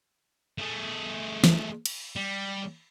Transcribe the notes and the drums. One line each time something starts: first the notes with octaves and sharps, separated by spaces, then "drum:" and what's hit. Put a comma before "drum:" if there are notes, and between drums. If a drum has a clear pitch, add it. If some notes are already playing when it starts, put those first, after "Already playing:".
A3 G#4
drum: snare
drum: cymbal
G3